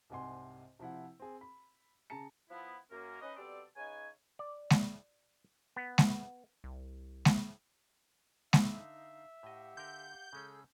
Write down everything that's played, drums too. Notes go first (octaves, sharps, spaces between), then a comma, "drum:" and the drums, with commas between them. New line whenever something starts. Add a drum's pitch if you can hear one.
C2 G#2 C3 F#5 G#5 C6
C3 F3 E4 F#5
C4 G#4
B5
C#3 G#4 A5 A#5 C#7
F3 B3 E4
F#2 A#3 C#4 A#4
C#4 D#4 B4 D#5
B2 G3 C4 A4 D5
C#3 D#4 B4 C#5 G#5
D5
drum: snare G#3
B3
drum: snare G#3
C2
drum: snare G#3
D3 D#4 E5 F5, drum: snare G#3
A2 G4 D#5 F5 F#5
D3 A#4 G6
C#3 G#3 C#4 G#4 A4 E6